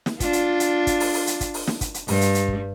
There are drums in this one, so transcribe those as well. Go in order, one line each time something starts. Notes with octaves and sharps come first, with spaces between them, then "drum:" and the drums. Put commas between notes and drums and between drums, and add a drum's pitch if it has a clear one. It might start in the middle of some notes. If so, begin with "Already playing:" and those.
drum: snare
D4 F4, drum: kick, hi-hat
drum: hi-hat
drum: hi-hat
drum: kick, hi-hat
drum: open hi-hat
drum: open hi-hat
drum: hi-hat
drum: kick, hi-hat
drum: open hi-hat
drum: snare
drum: kick, hi-hat
drum: hi-hat
G2, drum: open hi-hat
drum: hi-hat
drum: hi-hat
drum: kick